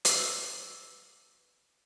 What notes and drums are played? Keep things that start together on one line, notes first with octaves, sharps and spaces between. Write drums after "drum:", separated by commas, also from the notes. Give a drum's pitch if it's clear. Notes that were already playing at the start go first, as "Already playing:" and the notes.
B4 D6 E6, drum: hi-hat